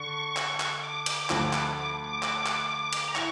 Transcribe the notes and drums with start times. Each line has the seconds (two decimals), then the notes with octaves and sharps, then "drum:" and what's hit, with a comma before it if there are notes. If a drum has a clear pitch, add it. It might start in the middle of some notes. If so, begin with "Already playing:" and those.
Already playing: D3 D4 C#6
0.36 drum: clap
0.60 drum: clap
0.83 D6
1.06 drum: cymbal
1.30 D2 D3 F3, drum: clap
1.53 drum: clap
1.77 D6
2.04 D6
2.23 D6, drum: clap
2.46 drum: clap
2.93 drum: cymbal
3.08 A#5
3.15 E4 C#6, drum: clap